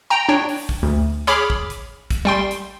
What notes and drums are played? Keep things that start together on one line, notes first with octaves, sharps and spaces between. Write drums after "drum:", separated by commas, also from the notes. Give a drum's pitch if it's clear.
G5 A#5
D4 C#5 G5
drum: open hi-hat
drum: kick
D2
G#4 C#5 B5 D6 F6, drum: hi-hat
drum: kick
drum: hi-hat
drum: kick, hi-hat
G3 G5 C6
drum: hi-hat